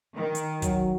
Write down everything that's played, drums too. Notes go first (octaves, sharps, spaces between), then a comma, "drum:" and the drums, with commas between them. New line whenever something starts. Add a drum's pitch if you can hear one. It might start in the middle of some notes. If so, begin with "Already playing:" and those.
D#3
drum: hi-hat
F#3, drum: kick, hi-hat